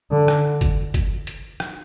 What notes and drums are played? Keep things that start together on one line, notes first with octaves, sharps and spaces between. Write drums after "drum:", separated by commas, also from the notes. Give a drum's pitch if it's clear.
D3
drum: rim click
drum: kick, hi-hat
drum: kick, hi-hat
drum: hi-hat
drum: rim click